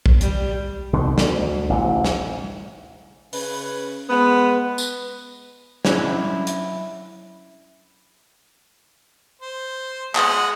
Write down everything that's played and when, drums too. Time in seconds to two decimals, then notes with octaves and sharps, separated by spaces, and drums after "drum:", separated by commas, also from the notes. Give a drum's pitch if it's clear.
0.06 drum: kick A#1
0.21 G3, drum: hi-hat
0.93 C2 B2 D3 D#3
1.18 D2, drum: snare
1.70 A1 D2 C3
2.05 drum: snare
3.33 C#3 B4, drum: open hi-hat
4.09 G#3 B3 B4
4.78 drum: tambourine
5.85 F#3 A3 C#4 D4 E4 C#5, drum: snare
6.47 drum: hi-hat
9.42 C5
10.15 G#3 F#5 D#6, drum: clap